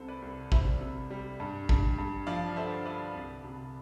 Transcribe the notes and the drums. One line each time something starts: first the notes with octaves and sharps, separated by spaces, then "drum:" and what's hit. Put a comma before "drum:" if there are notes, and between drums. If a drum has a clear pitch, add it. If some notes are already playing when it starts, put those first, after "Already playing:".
Already playing: C2 C3 A4 C5
B4 D5
C2
G3 C5 E5, drum: kick A1
C3
G3
G2
G2, drum: kick A1
G2
F3 D5 F5
D3 C5 E5
D3 B4 D5
C2
C3